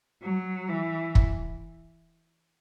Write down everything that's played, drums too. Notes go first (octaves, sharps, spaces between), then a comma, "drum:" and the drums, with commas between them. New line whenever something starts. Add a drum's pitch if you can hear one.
F#3
E3
drum: kick